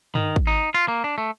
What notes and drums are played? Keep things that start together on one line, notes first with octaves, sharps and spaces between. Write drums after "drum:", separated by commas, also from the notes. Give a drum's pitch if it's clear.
D#3, drum: tom G2
drum: kick
D#4
F4
A#3
D4
A3